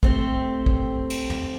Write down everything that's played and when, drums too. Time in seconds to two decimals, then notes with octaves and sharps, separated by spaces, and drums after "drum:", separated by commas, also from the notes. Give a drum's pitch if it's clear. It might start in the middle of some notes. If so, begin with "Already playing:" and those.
0.03 A3 C4 G4, drum: kick
0.66 drum: kick
1.10 drum: cymbal
1.30 drum: tom